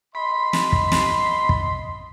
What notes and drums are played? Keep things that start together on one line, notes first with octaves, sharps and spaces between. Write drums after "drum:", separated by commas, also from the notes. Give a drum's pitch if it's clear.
D#5 B5 C6
drum: snare
drum: kick
drum: snare
drum: kick